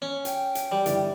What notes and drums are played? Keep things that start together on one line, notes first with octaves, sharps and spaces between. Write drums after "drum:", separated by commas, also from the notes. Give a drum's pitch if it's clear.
C#4
G5, drum: hi-hat
drum: hi-hat
G3
G1 E3 D5, drum: hi-hat